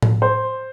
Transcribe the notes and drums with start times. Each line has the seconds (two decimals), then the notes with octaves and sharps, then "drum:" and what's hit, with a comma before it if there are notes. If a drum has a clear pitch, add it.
0.02 drum: tom A2
0.22 C5